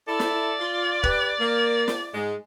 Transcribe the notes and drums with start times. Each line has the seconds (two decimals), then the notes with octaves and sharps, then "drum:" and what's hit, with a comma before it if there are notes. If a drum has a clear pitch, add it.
0.08 E4 A4 D5 E5
0.19 drum: snare
0.59 F4
1.04 G4 B4, drum: kick
1.40 A#3
1.88 drum: snare
2.14 G#2 G#3